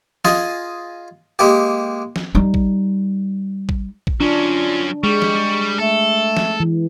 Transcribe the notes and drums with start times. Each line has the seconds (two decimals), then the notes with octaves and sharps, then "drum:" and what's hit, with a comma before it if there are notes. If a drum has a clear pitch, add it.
0.25 F4 G#4 D#5, drum: snare
1.39 G#3 A#3 G4
2.16 drum: snare
2.35 G3 D#4
2.54 drum: kick
3.69 drum: kick
4.07 drum: kick
4.20 F#3 C#4 D4 F4
5.04 G3 G#3 C#6
5.22 drum: snare
5.78 A3 A4
6.37 drum: snare
6.60 E3